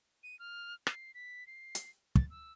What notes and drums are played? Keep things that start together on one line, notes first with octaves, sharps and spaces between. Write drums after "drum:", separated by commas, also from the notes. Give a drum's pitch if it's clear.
D#7
F6
C7, drum: rim click
B6
C7
drum: hi-hat
A6, drum: kick
E6